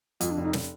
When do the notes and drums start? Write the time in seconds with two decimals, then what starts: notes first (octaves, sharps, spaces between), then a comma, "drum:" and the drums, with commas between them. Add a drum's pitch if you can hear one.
0.21 F2 F4, drum: hi-hat
0.31 D4
0.37 F1
0.43 D#4
0.53 drum: snare